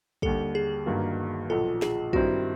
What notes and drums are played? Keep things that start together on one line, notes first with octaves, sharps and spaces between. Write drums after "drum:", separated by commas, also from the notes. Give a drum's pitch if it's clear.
D#2 D3 G3 A4, drum: kick
G#4
G1 G2 D#3 F#3 A#3
B1 A#2 F3 A4
G#4, drum: snare
G2 D#3 G3 C4 E4 F#4, drum: kick